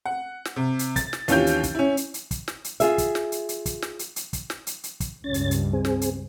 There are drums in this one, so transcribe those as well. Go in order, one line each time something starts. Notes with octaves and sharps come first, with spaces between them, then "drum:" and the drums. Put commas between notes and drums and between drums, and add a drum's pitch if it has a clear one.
F#5
drum: snare
C3
drum: hi-hat
A6, drum: kick, hi-hat
drum: snare
D#2 E3 C#4 F4 G4 G6, drum: hi-hat
drum: hi-hat
drum: kick, hi-hat
C#4 E4
drum: hi-hat
drum: hi-hat
drum: kick, hi-hat
drum: snare
drum: hi-hat
F4 G#4 E5, drum: hi-hat
drum: kick, hi-hat
drum: snare
drum: hi-hat
drum: hi-hat
drum: kick, hi-hat
drum: snare
drum: hi-hat
drum: hi-hat
drum: kick, hi-hat
drum: snare
drum: hi-hat
drum: hi-hat
drum: kick, hi-hat
C#2 G2 C#4 A6
drum: hi-hat
drum: hi-hat
C4 G#4
drum: snare
drum: hi-hat